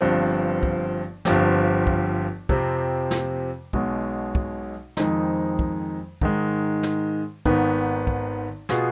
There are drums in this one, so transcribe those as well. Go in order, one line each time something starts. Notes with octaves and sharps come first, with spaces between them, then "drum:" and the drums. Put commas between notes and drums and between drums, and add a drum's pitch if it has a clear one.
G1 G2 F3 C4
drum: kick
G1 G2 F3 C4 G4, drum: snare
drum: kick
F2 C3 F3 C4 G4, drum: kick
drum: snare
B1 B2 G#3, drum: kick
drum: kick
F2 D#3 G#3 C4 D#4, drum: snare
drum: kick
G#2 D#3 G#3, drum: kick
drum: snare
G#1 G#2 D#3 B3, drum: kick
drum: kick
B2 B3 F4 G#4, drum: snare